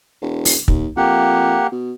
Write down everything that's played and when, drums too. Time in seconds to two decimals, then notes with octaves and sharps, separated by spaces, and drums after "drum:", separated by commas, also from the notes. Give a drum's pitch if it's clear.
0.22 E1
0.45 drum: open hi-hat
0.68 D#2, drum: kick
0.97 F2 A#3 G4 F#5
1.72 B2